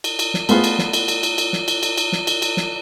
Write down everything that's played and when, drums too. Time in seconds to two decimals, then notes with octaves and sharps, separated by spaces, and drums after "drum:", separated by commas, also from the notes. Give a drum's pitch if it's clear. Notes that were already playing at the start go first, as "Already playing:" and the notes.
0.04 drum: cymbal
0.19 drum: cymbal
0.34 drum: snare
0.49 A3 B3 F4 G#4, drum: cymbal
0.64 drum: cymbal
0.79 drum: snare
0.93 drum: cymbal
1.08 drum: cymbal
1.23 drum: cymbal
1.38 drum: cymbal
1.53 drum: snare
1.68 drum: cymbal
1.83 drum: cymbal
1.98 drum: cymbal
2.12 drum: snare
2.27 drum: cymbal
2.42 drum: cymbal
2.57 drum: snare